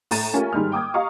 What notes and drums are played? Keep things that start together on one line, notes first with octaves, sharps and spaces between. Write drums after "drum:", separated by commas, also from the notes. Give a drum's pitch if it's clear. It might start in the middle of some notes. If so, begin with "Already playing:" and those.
A2 A#5 A6 D#7, drum: open hi-hat
A3 C#4 F4 G4 A#4
G#2 D#3 G3 G#3 F6
G5 D6 D#6 G#6
G4 D#5 F5 A#5 C#6 D#6